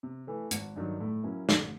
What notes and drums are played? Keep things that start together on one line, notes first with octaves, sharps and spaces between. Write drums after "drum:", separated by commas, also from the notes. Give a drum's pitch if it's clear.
C3
E3 A3
G#1, drum: hi-hat
G2 D#3 F#3
A2
F#3 A#3 C#4 E4
A1, drum: snare